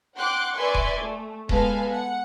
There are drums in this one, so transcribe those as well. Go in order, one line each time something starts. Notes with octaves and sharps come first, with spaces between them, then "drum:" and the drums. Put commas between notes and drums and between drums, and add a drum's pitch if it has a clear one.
F#5 G5 C6 D6 F#6
B4 D5 E5 G#5 C6 C#6
drum: kick D#1
A3
G#3 B3 A4 B4 F5 G#5, drum: kick D#1
F#5